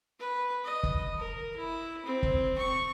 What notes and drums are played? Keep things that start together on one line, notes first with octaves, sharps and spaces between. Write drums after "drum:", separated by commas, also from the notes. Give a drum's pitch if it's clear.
B4
D#5
drum: kick
A#4
E4
C4
drum: kick
C#6